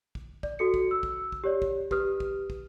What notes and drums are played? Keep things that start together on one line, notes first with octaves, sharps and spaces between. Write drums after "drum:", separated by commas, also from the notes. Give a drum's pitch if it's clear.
drum: kick
D5, drum: kick
F#4 A4 C#7
drum: kick
E6
drum: kick
drum: kick
G4 C#5 D5
drum: kick
G4 B4 D#6 F6, drum: kick
drum: kick
drum: kick